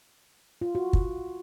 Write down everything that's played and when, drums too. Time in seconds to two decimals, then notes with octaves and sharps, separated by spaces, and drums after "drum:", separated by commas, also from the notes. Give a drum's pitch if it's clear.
0.61 F4
0.75 F#4
0.93 drum: kick